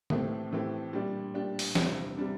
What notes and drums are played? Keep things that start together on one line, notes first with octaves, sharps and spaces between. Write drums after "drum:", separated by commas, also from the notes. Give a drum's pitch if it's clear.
A2 E3 A3 C4 G4, drum: tom D3
A2 E3 A3 C4 G4
A#2 G3 D4 G4 D5
A#2 G3 D4 G4 D5
drum: open hi-hat
E2 C3 G3 D4, drum: snare
C3 G3 D4